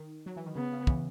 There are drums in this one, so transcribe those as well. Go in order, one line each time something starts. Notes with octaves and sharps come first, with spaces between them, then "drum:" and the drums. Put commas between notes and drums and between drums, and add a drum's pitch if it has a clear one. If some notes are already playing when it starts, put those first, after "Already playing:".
Already playing: D#3
F#3
E3
D#3
C#3 B3
C#3
C#3 E3, drum: kick